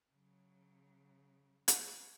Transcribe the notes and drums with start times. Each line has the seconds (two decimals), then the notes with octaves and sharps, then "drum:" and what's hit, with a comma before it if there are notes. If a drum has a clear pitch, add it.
0.10 C#3 F#3
1.68 drum: hi-hat